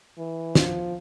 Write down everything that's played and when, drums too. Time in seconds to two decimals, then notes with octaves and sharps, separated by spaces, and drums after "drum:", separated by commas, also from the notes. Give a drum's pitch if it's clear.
0.18 E3
0.55 F3, drum: snare